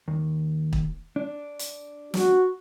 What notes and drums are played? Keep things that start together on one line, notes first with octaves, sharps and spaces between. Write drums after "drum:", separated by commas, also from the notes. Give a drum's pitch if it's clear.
D#2
drum: kick
D4
drum: hi-hat
F#4, drum: snare